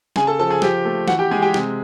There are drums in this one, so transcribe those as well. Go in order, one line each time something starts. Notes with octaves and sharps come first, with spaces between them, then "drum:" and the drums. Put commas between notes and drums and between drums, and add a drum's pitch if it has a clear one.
C#3 G#4 G#5, drum: snare
A4 A5
F3 A4 A5
G#4 G#5
F3 G4 G5, drum: snare
A3
E3 F#4 F#5, drum: snare
G4 G5
G#3 G#4 G#5
G4 G5
C3, drum: snare